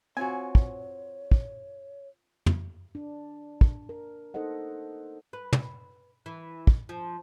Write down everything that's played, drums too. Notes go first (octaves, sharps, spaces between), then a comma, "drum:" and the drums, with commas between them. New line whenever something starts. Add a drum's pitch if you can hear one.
C4 F4 F#4 C#5 G#5
drum: kick
drum: kick
drum: tom
D4
drum: kick
A#4
A#3 D#4 A4 C5 D#5 F#5
B4
drum: tom
E3
drum: kick
F3